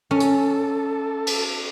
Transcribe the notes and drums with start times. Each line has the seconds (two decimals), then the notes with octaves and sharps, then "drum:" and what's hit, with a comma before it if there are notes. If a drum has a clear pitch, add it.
0.11 C#4 A4
0.20 drum: hi-hat
1.27 drum: cymbal